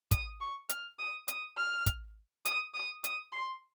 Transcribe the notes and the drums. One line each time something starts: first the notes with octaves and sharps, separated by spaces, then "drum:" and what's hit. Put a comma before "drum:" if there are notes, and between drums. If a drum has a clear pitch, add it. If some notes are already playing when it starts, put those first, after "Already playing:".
D#6, drum: kick, hi-hat
C#6
F6, drum: hi-hat
D#6
D#6, drum: hi-hat
F6
drum: kick, hi-hat
D#6, drum: hi-hat
D#6
D#6, drum: hi-hat
C6